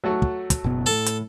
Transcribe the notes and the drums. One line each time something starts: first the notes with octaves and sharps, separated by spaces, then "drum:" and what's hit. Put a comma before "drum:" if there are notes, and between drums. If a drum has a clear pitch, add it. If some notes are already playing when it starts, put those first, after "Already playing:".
F#3 A3 F#4
drum: kick
drum: kick, hi-hat
F#1 B2 B3
A2 A4
drum: hi-hat